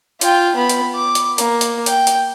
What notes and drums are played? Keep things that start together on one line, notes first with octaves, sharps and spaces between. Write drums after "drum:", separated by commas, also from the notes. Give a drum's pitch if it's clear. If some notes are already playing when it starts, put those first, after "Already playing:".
F4 G5, drum: hi-hat
B3 B5
drum: hi-hat
D6
drum: hi-hat
A#3, drum: hi-hat
drum: hi-hat
G5, drum: hi-hat
drum: hi-hat